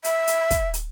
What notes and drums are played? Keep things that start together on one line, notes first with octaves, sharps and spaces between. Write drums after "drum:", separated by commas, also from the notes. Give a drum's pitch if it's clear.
E5, drum: hi-hat
drum: hi-hat
drum: kick, hi-hat
drum: hi-hat